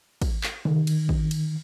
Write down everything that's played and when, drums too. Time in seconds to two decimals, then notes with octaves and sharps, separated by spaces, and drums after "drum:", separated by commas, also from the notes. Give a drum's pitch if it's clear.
0.22 drum: kick, cymbal
0.43 drum: clap
0.65 D#3, drum: tom C3
0.87 drum: cymbal
1.09 drum: kick
1.31 drum: cymbal